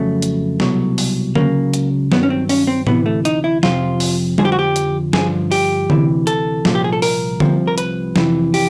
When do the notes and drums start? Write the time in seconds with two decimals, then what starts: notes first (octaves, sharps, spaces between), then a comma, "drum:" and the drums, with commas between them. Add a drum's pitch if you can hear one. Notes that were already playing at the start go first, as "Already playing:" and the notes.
Already playing: F2 C#3 F#3 A3
0.22 drum: hi-hat
0.60 C2 B2 F#3, drum: snare
0.98 drum: open hi-hat
1.35 C#2 C#3 F#3 A#3, drum: tom D3
1.74 drum: hi-hat
2.12 G2 D#3 F#3 B3, drum: snare
2.23 C#4
2.30 C4
2.49 C#4, drum: open hi-hat
2.67 C4
2.87 D2 C3 E3 B3, drum: tom A2
3.06 A3
3.25 D#4, drum: hi-hat
3.44 E4
3.63 F2 C3 F3 F4, drum: snare
4.00 drum: open hi-hat
4.38 F2 D3 F3 G#4, drum: tom G3
4.45 G4
4.52 F#4
4.59 G4
4.76 drum: hi-hat
5.13 G2 D3 F3 G#4, drum: snare
5.52 G4, drum: open hi-hat
5.90 D2 C3 E3, drum: tom D3
6.27 A4, drum: hi-hat
6.65 C2 A#2 F3, drum: snare
6.75 G4
6.84 G#4
6.93 A4
7.02 A#4, drum: open hi-hat
7.40 C2 C3 F3, drum: tom D3
7.67 A#4
7.78 B4, drum: hi-hat
8.16 F2 C3 E3, drum: snare
8.54 G4, drum: open hi-hat